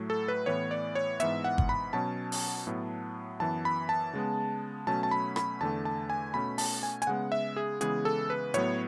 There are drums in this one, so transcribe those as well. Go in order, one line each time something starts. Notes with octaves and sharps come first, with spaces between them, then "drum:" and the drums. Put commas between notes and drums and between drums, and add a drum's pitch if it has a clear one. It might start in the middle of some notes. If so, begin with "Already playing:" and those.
Already playing: A2 F#3 A3
A4
B4
A2 E3 B3 C#5
D5
C#5
G#2 E3 B3 E5, drum: hi-hat
F#5
drum: kick G1
B5
B2 F#3 C#4 A5
drum: open hi-hat
A2 F#3 B3
F#2 E3 B3 A5
B5
A5
C#3 G#3 B3
B2 F#3 A3 C#4 A5
A5
B5
B5, drum: rim click
E2 D3 A3 A5
A5
G#5
B2 A3 C#4 B5
A5, drum: open hi-hat
G#5
G#5, drum: hi-hat
C#3 G#3 B3 F#5
E5
G#4
C#3 E3 G#3 B3 G#4, drum: hi-hat
A4
B4
A2 F#3 B3 C#5, drum: hi-hat